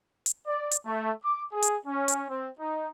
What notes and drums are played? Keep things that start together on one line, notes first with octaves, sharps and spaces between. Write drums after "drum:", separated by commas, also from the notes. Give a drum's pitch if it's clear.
drum: hi-hat
D5
drum: hi-hat
A3
D6
G#4
drum: hi-hat
C#4
drum: hi-hat
C4
D#4